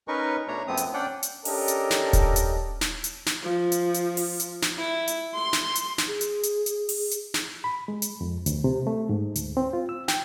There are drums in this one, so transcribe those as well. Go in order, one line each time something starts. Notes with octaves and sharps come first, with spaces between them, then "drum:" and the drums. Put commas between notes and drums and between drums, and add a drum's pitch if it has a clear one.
C#4 D#4 A#4 B4 C#6
B2 A3 D4 C#5 A#5
F#2 F3 A3 B3 C4 D#6
drum: hi-hat
C#4 D4 D5 F#5 G5
drum: hi-hat
C#4 D4 G4 A4 A#4 D#5, drum: open hi-hat
drum: hi-hat
drum: snare
drum: kick D#1, hi-hat
drum: hi-hat
drum: snare
drum: hi-hat
drum: snare
F3
drum: hi-hat
drum: hi-hat
drum: open hi-hat
drum: hi-hat
drum: snare
E4
drum: hi-hat
C6
drum: snare
drum: hi-hat
drum: snare
G#4
drum: hi-hat
drum: hi-hat
drum: hi-hat
drum: open hi-hat
drum: hi-hat
drum: snare
B5
G#3
drum: hi-hat
F2
D2, drum: hi-hat
C3
A3
G#2
D2, drum: hi-hat
C4
F4
E6
G5, drum: snare